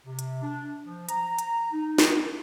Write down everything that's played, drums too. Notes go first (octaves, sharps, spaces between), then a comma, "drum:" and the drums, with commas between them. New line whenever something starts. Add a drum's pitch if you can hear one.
C3
drum: hi-hat
D4
F3
A#5, drum: hi-hat
drum: hi-hat
D#4
drum: snare